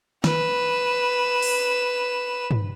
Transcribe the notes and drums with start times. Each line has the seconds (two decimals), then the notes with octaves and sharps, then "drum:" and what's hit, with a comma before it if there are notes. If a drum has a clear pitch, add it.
0.24 B4 E7, drum: snare
1.42 drum: open hi-hat
2.51 drum: tom